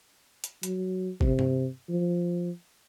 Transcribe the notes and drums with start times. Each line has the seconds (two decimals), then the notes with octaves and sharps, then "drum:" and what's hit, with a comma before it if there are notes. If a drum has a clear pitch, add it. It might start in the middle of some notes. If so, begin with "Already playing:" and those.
0.44 drum: hi-hat
0.63 F#3, drum: hi-hat
1.21 C3, drum: kick
1.39 drum: tom G2
1.89 F3